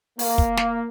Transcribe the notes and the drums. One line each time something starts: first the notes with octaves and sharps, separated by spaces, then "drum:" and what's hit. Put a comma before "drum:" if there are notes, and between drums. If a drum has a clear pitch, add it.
A#3, drum: open hi-hat
drum: kick
drum: snare